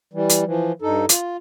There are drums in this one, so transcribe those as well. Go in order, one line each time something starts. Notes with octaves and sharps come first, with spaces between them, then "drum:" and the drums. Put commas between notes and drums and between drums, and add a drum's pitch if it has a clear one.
E3 G3
drum: hi-hat
E3 F3
G2 D#4 A4
F4, drum: hi-hat